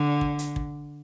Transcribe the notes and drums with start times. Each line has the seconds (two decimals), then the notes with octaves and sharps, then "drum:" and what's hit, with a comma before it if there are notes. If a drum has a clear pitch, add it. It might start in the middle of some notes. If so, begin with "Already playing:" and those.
Already playing: D3
0.21 drum: kick
0.39 drum: hi-hat
0.56 drum: kick